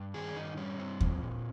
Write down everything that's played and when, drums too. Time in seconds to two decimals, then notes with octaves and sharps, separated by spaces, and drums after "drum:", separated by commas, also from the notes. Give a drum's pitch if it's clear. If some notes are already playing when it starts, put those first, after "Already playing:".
Already playing: G2
0.14 D#3 G#4
0.36 G2 D#4
0.57 G3 C#4
0.79 G2 C4
1.01 F3, drum: kick D#2
1.22 A#2